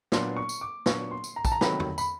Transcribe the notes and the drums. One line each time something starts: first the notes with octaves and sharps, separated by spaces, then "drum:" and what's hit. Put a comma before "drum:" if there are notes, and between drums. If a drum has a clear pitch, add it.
A#2 F#3 B3 D4 C6, drum: snare
C#6
drum: tambourine
D6
A#2 F#3 B3 D4 C#6, drum: snare
C6
drum: tambourine
A#5
A5, drum: kick, tambourine
A#5
C3 D#3 F#3 A3 B5, drum: snare
drum: tom
B5, drum: tambourine